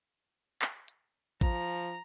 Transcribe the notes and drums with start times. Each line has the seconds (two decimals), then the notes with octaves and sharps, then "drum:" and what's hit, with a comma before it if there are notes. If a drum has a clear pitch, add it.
0.62 drum: clap
0.88 drum: hi-hat
1.41 F3 A#5, drum: kick A1, hi-hat